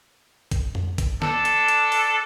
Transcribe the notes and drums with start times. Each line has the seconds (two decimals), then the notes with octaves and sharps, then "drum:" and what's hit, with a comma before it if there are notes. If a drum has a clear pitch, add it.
0.52 drum: kick G#1, hi-hat
0.75 drum: tom F2
0.98 drum: kick G#1, hi-hat
1.22 D4 A4, drum: snare
1.45 drum: hi-hat
1.68 drum: hi-hat
1.92 drum: open hi-hat